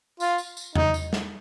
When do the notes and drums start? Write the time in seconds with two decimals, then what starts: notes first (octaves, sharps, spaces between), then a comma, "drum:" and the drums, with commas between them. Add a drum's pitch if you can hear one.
0.20 F4, drum: tambourine
0.38 drum: tambourine
0.57 drum: tambourine
0.76 D#4, drum: tom E2
0.94 drum: tambourine
1.13 drum: snare